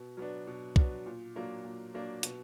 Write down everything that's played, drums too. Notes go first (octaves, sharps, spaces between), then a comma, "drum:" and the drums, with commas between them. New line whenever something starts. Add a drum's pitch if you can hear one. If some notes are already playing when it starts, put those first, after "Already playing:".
Already playing: B2
F#3 B3 D4
B2
F#3 B3 D4, drum: kick
A#2
F#3 A#3 D4
A#2
F#3 A#3 D4
B2, drum: hi-hat